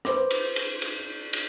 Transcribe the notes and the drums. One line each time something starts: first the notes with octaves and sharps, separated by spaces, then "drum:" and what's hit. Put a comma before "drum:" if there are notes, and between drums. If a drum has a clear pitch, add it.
B4 C5 D6, drum: rim click
drum: cymbal
drum: cymbal
drum: cymbal
drum: cymbal